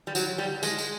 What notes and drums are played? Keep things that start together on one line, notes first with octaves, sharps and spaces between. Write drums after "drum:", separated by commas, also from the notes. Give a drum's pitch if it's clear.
G3
F#3, drum: tambourine
G3
G#3, drum: tambourine
drum: tambourine